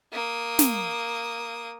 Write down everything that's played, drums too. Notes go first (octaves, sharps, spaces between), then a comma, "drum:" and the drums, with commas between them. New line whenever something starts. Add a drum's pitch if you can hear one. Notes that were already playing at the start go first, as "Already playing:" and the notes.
A#3 D#6
drum: snare